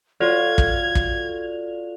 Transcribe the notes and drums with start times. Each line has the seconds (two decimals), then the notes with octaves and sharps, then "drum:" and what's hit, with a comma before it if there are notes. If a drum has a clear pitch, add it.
0.20 F4 F#4 A4 D5 G#6 F7
0.58 drum: kick
0.95 drum: kick